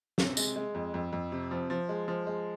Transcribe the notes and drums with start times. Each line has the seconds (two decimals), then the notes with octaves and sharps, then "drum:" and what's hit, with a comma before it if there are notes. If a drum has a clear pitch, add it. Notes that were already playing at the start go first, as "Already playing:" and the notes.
0.18 C3, drum: snare
0.37 G#3, drum: tambourine
0.56 G#3
0.74 F2
0.94 F2
1.13 F2
1.32 C3
1.51 F3
1.70 F3
1.89 G#3
2.08 F3
2.27 G#3